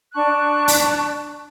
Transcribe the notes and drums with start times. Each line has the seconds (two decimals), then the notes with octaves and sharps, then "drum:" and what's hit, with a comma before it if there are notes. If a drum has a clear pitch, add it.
0.14 D4 A5 C#6 F#6
0.68 drum: open hi-hat